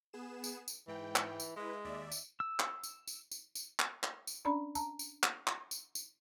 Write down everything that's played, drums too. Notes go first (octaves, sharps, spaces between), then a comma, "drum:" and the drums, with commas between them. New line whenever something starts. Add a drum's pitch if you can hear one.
B3 G#4 E7
drum: tambourine
drum: tambourine
G#2 E3 G5
drum: clap
drum: tambourine
G#3 E4 B4
D#2 D5 E5
drum: tambourine
E6
drum: clap
drum: tambourine
drum: tambourine
drum: tambourine
drum: tambourine
drum: clap
drum: clap
drum: tambourine
C#4 D4 D5 A#5 B5
A5 A#5, drum: tambourine
drum: tambourine
drum: clap
drum: clap
drum: tambourine
drum: tambourine